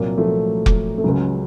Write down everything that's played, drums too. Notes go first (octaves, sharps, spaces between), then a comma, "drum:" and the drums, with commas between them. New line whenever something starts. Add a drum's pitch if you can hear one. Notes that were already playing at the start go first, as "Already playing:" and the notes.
Already playing: C2 A#2 F#3 A#3
F3 A3
drum: kick F1
A3
C#2 C#3 F#3